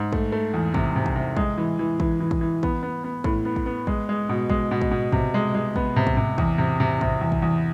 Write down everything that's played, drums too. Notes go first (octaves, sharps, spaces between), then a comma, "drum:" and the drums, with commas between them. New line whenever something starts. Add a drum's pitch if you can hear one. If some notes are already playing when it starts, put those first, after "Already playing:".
Already playing: G#2
A3, drum: kick
A3
E2
C3, drum: kick
C3
drum: kick
C3
G#3, drum: kick
E3
E3
E3, drum: kick
E3
drum: kick
E3
B3, drum: kick
B3
B3
A2, drum: kick
B3
drum: kick
B3
G#3, drum: kick
G#3
B2
G#3, drum: kick
B2
drum: kick
B2
C3, drum: kick
G#3
G#3
B3, drum: kick
C3
drum: kick
C3
E2, drum: kick
C3
C3
C3, drum: kick
E2
drum: kick
E2